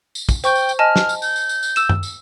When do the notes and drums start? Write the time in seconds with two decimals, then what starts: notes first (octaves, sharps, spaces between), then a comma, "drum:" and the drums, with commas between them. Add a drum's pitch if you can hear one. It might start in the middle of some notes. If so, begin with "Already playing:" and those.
0.15 drum: tambourine
0.29 drum: kick, tambourine
0.44 C5 G5 C#6 G6, drum: tambourine
0.55 drum: tambourine
0.69 drum: tambourine
0.79 D#5 G#5 A5 F6
0.96 drum: snare
1.09 drum: tambourine
1.22 G6, drum: tambourine
1.36 drum: tambourine
1.49 drum: tambourine
1.63 drum: tambourine
1.76 E6 E7, drum: tambourine
1.89 drum: tom F#2
2.03 drum: tambourine